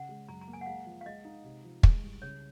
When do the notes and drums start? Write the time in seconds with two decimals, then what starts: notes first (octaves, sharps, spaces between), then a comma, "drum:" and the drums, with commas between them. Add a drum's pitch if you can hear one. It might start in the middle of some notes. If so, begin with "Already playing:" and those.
Already playing: C#3 C#4 F#5
0.09 G#3
0.29 F#2 A#5
0.41 A#5
0.48 A#3
0.53 G#5
0.61 F#5
0.66 G#3 F5
0.86 F3
1.01 F5
1.06 G#3 D#5
1.25 D#4
1.44 C3
1.64 F3
1.83 G#3, drum: kick
2.03 C2
2.22 C#3 C#5